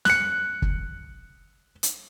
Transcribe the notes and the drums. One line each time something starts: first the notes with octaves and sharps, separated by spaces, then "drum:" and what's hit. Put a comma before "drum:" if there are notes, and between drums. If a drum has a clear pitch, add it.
F#6 C#7, drum: snare
drum: kick
drum: hi-hat